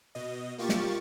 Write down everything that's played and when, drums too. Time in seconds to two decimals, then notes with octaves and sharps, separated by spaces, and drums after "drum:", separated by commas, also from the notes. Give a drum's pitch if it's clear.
0.15 B2 D#5
0.58 A#3 F4 G4 C#6 A6
0.69 drum: snare